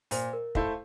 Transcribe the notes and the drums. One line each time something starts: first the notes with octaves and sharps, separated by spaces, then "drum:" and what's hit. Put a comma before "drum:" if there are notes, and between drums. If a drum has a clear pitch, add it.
A#2 C5, drum: open hi-hat
A#4
A3 E4 A4 C5 F5, drum: kick